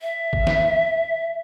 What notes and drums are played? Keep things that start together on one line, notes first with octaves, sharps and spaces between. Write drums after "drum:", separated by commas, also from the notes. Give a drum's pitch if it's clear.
E5
drum: kick
drum: snare